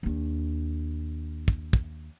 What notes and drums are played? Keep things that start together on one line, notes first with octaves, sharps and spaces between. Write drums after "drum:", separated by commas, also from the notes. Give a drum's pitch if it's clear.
D#2 D4
drum: kick
drum: kick